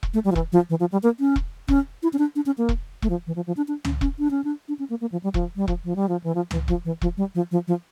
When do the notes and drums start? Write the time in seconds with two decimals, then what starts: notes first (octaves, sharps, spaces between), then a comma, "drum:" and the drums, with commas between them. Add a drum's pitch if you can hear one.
0.03 drum: kick E1
0.14 A3
0.24 G3
0.32 F3
0.36 E3, drum: kick E1
0.52 F3
0.70 E3
0.80 F3
0.92 G3
1.03 A#3
1.20 C#4
1.36 drum: kick E1
1.68 C#4, drum: kick E1
2.03 E4
2.13 C#4
2.19 D4
2.36 D4
2.46 C#4
2.58 A#3
2.69 drum: kick E1
3.02 A3, drum: kick E1
3.10 F3
3.27 E3
3.36 F3
3.47 F3
3.57 D4
3.68 D4
3.85 C#4, drum: tom
4.01 C#4, drum: kick E1
4.19 D4
4.31 C#4
4.44 D4
4.68 D4
4.79 C#4
4.90 A#3
5.01 A#3
5.12 F3
5.23 G3
5.34 F3, drum: kick E1
5.56 G3
5.68 F3, drum: kick E1
5.84 F3
5.96 G3
6.09 F3
6.24 E3
6.35 F3
6.51 E3, drum: tom
6.68 F3, drum: kick E1
6.85 E3
7.02 F3, drum: kick E1
7.17 G3
7.35 F3
7.51 F3
7.68 F3